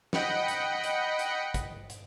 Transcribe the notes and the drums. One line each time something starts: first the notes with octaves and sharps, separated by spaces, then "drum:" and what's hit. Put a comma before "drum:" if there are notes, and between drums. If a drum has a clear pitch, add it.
D#5 F#5 G5 B5 C#7, drum: snare
drum: hi-hat
drum: hi-hat
drum: hi-hat
drum: kick, hi-hat
drum: hi-hat